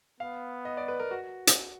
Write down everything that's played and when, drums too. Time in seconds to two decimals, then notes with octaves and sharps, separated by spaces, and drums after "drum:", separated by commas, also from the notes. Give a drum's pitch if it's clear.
0.20 B3 F5
0.65 D#5
0.77 D5
0.88 B4
1.00 A#4
1.11 F#4
1.47 drum: hi-hat